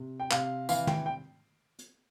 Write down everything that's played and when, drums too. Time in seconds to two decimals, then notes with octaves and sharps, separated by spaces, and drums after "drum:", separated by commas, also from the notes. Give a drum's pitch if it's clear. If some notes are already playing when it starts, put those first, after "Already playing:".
Already playing: C3
0.20 G5
0.31 C3 F5, drum: clap
0.69 E3 F5, drum: tambourine
0.87 G5, drum: tom
1.06 G5
1.79 drum: hi-hat